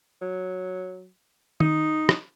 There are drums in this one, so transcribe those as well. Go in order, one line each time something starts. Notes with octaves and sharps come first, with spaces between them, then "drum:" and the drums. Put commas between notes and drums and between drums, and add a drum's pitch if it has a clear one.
F#3
D#4, drum: tom D#3
drum: rim click